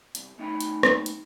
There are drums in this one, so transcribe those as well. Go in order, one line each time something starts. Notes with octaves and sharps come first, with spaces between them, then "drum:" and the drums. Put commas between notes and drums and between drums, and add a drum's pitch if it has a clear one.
C2, drum: hi-hat
B1 A3 D#4 E5 G5 B5
drum: hi-hat
drum: rim click
drum: hi-hat